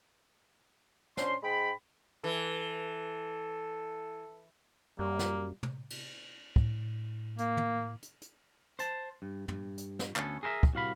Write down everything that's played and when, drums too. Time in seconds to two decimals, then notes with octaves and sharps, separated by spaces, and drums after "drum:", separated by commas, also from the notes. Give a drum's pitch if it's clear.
1.17 C#4 D4 C5 C6, drum: snare
1.43 G#2 G#3 G5 B5
2.24 E3 A4
4.99 F#2 G3 A#3
5.19 drum: snare
5.63 drum: tom
5.90 drum: cymbal
6.56 A2, drum: kick
7.38 A#3, drum: hi-hat
7.57 drum: tom
8.03 drum: hi-hat
8.22 drum: hi-hat
8.79 C5 A5, drum: hi-hat
9.22 G2
9.48 G2, drum: tom
9.78 drum: hi-hat
9.99 drum: snare
10.16 D2 B3 C#4 A4, drum: clap
10.43 G#4 A#4 C5 E5
10.63 drum: kick
10.74 C2 F#4 F5 B5